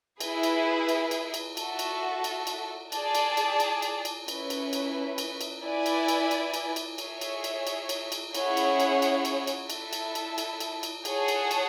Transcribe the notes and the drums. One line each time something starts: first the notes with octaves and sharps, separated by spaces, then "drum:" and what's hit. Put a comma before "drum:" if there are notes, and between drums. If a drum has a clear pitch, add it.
E4 G#4 B4, drum: cymbal
drum: cymbal
drum: cymbal
drum: cymbal
drum: cymbal
F#4 A4 E5 A5, drum: cymbal
drum: cymbal
drum: cymbal
drum: cymbal
G#4 D5 A5, drum: cymbal
drum: cymbal
drum: cymbal
drum: cymbal
drum: cymbal
drum: cymbal
C#4 E4 B4, drum: cymbal
drum: cymbal
drum: cymbal
drum: cymbal
drum: cymbal
E4 B4 D5 G#5
drum: cymbal
drum: cymbal
drum: cymbal
drum: cymbal
drum: cymbal
G#4 C#5 E5, drum: cymbal
drum: cymbal
drum: cymbal
drum: cymbal
drum: cymbal
drum: cymbal
C#4 E4 G#4 C#5 F#5, drum: cymbal
drum: cymbal
drum: cymbal
drum: cymbal
drum: cymbal
drum: cymbal
E4 A4 E5 A5, drum: cymbal
drum: cymbal
drum: cymbal
drum: cymbal
drum: cymbal
drum: cymbal
G#4 C#5 F#5 A5, drum: cymbal
drum: cymbal
drum: cymbal